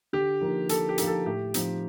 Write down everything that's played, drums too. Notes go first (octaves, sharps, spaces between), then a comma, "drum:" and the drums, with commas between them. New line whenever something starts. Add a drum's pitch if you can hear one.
D3 G4
F3 A#3 D#4
D3 A4, drum: hi-hat
G4
F3 A#3 D#4, drum: hi-hat
A4
A2 G4
F3 C4 D#4, drum: hi-hat